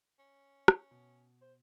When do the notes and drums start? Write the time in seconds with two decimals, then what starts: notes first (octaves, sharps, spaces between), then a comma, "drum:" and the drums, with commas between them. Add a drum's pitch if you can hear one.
0.19 C#4
0.68 drum: rim click
0.91 B2
1.42 C5